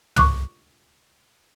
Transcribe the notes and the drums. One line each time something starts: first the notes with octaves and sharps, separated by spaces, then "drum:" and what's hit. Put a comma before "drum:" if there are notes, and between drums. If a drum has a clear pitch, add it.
C#6 D6 F#6, drum: tom